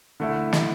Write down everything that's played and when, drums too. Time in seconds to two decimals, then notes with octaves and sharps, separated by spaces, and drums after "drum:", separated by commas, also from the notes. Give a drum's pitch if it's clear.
0.20 D3 A3 E4
0.53 drum: snare